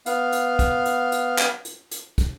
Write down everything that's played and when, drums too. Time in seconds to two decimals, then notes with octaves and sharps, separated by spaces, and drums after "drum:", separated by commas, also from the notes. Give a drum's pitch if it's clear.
0.06 B3 F5, drum: hi-hat
0.33 drum: hi-hat
0.59 drum: kick, hi-hat
0.86 drum: hi-hat
1.12 drum: hi-hat
1.38 drum: clap
1.65 drum: hi-hat
1.91 drum: hi-hat
2.18 drum: kick, hi-hat